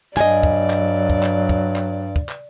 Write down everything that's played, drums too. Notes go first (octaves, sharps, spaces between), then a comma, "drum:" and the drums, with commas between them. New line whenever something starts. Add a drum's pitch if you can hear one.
G2 F#3 D5 D#5 G#5, drum: clap
drum: kick
drum: clap
drum: kick
drum: clap
drum: kick
drum: clap
drum: kick
drum: clap